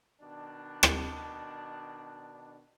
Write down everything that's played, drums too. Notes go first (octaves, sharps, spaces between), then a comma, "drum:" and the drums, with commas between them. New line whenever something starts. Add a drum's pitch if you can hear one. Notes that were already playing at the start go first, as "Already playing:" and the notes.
B2 D#3 D4
drum: rim click